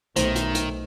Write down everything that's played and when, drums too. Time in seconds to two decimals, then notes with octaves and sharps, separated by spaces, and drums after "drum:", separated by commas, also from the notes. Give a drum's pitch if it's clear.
0.16 B1 D#3 A3 D#4 C5, drum: hi-hat
0.36 drum: hi-hat
0.55 drum: hi-hat